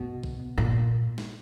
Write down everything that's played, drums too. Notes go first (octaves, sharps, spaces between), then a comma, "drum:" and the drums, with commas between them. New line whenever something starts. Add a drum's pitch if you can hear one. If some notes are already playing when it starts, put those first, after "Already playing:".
Already playing: B2
drum: kick
A#2
drum: snare